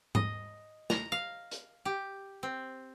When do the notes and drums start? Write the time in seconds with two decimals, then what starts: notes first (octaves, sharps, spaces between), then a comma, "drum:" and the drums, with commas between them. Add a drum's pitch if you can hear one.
0.15 D#5, drum: tom G#2
0.90 A#5, drum: snare
1.12 F5
1.51 drum: hi-hat
1.85 G4
2.43 C4